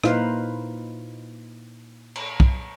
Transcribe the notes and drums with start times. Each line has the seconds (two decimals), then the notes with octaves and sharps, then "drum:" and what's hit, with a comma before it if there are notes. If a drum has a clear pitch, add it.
0.04 A#2 D#4 E4 B4 C5 F5, drum: rim click
2.15 drum: cymbal
2.40 drum: kick